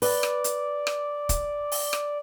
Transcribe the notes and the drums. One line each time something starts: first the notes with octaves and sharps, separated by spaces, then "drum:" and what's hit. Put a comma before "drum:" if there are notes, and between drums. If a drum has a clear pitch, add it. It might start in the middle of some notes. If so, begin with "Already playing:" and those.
B4 D5, drum: open hi-hat
drum: rim click
drum: hi-hat
drum: rim click
drum: kick, hi-hat
drum: open hi-hat
drum: rim click